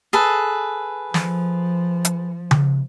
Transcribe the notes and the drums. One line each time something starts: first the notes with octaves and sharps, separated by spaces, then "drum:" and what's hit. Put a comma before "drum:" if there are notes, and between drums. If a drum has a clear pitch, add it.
G#4 A4 B4
F3, drum: snare
drum: hi-hat
drum: tom C#3